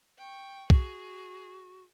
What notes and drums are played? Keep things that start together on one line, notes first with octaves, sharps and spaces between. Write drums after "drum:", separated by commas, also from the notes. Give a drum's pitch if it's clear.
G5 C#6
F#4 G#4, drum: kick